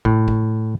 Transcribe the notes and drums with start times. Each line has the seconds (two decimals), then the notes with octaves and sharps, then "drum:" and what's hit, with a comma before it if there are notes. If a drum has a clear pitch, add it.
0.05 A2, drum: kick
0.28 drum: kick